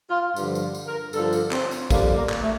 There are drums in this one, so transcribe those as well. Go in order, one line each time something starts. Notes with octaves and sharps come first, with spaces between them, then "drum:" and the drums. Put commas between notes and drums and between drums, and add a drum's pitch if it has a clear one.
F4
G2 D3 F3, drum: tambourine
drum: tambourine
drum: tambourine
A#4
G2 D3 F3 A4, drum: tambourine
drum: tambourine
C4, drum: clap
drum: tambourine
F2 D3 G3 A#3, drum: kick, tambourine
A#3
drum: clap
A3